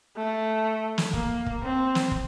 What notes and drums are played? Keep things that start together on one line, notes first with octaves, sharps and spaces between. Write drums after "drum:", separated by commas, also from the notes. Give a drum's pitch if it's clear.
A3
drum: snare
A#3, drum: kick
drum: kick
C4
drum: snare
drum: kick